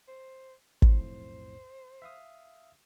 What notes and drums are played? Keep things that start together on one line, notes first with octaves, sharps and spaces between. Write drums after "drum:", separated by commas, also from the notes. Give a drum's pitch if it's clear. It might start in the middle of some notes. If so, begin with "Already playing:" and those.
C5
B1 F2 A2 C5, drum: kick
E5 F5 D#6